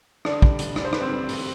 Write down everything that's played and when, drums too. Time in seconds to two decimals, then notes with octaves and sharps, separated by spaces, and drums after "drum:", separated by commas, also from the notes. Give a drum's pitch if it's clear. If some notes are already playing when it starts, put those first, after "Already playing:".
0.25 D3 D4 D5, drum: rim click
0.42 G3, drum: kick
0.59 A1, drum: hi-hat
0.76 G2 D5, drum: rim click
0.85 C5
0.93 D3 B4, drum: rim click
1.01 C4 C5
1.12 G3
1.29 A1, drum: open hi-hat